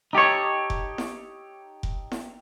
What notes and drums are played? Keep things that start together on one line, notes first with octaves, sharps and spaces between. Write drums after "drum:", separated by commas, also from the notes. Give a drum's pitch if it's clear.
D#4 G4 A4 C#5
drum: kick F1
drum: snare E4
drum: kick F1
drum: snare E4